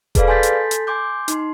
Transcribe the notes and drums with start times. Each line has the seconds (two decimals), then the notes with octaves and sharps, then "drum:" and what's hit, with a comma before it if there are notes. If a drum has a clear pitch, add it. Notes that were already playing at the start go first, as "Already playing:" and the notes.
0.15 G#4 A4 B4 D5 F5, drum: kick E1, hi-hat
0.27 A4 G#5 C6 G6 A6 B6
0.43 drum: hi-hat
0.71 drum: hi-hat
0.87 G#5 C6 D6 G6
1.28 D#4 C6, drum: hi-hat